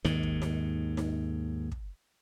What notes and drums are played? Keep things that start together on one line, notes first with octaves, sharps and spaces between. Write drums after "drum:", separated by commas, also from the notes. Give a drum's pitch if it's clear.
D#2 G#2 D#3, drum: snare D#4
drum: kick
drum: snare D#4
drum: snare D#4
drum: kick